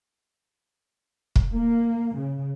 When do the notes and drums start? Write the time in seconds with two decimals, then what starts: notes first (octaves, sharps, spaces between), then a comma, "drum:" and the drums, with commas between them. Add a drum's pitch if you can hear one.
1.36 drum: kick
1.52 A#3
2.15 C#3